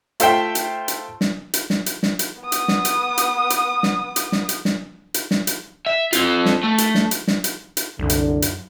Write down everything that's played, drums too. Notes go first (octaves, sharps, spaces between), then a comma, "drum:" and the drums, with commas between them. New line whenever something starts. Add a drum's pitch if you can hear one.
A3 F4 A4 C5 E5 G5, drum: hi-hat
drum: hi-hat
drum: hi-hat
drum: snare
drum: hi-hat
drum: snare
drum: hi-hat
drum: snare
drum: hi-hat
B3 D#6
drum: hi-hat
drum: snare
drum: hi-hat
drum: hi-hat
drum: hi-hat
drum: snare
drum: hi-hat
drum: snare
drum: hi-hat
drum: snare
drum: hi-hat
drum: snare
drum: hi-hat
E5
C4 F4, drum: hi-hat
drum: snare
A3
drum: hi-hat
drum: snare
drum: hi-hat
drum: snare
drum: hi-hat
drum: hi-hat
C2 F#2 D3
drum: hi-hat
drum: hi-hat